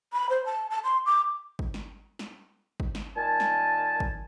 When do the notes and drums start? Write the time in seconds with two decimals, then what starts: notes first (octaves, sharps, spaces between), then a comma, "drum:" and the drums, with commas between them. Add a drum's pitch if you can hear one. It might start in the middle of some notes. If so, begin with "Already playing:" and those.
0.13 B5
0.29 C5
0.45 A5
0.70 A5
0.84 C6
1.05 D6
1.59 drum: kick
1.74 drum: snare
2.19 drum: snare
2.80 drum: kick
2.95 drum: snare
3.16 A#2 D#3 G#5 A5
3.40 drum: snare
4.00 drum: kick